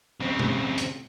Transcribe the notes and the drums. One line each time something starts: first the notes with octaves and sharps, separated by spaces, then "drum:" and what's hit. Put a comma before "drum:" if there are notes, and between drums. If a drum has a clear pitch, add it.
C#3 C4
drum: tom B2
drum: hi-hat